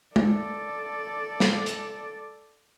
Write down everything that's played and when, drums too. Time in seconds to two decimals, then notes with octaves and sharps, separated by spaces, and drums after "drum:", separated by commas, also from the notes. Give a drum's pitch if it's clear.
0.16 A4 D5, drum: tom G#3
1.40 drum: snare
1.66 drum: hi-hat